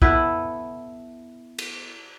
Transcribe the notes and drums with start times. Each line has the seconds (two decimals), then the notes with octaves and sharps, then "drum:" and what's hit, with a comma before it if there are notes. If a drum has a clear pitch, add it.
0.02 B3 E4 A4 B4, drum: kick B1
1.58 drum: cymbal